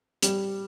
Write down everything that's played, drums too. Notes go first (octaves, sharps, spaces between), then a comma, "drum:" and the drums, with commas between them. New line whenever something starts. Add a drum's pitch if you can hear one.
G3, drum: hi-hat